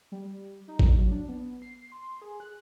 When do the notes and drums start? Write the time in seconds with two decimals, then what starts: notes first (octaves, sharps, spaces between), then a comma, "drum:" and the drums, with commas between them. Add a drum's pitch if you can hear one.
0.12 G3
0.68 D#4
0.79 drum: kick G#1
0.98 F#3
1.11 D4
1.29 B3
1.62 C7
1.92 C6
2.22 G#4
2.40 F#6